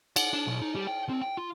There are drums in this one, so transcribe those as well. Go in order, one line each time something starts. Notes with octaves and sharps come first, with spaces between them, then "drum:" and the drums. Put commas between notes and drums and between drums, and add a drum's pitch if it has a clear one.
F#5, drum: cymbal
D4
B1
D#4
G3
G5
C4
G5
F4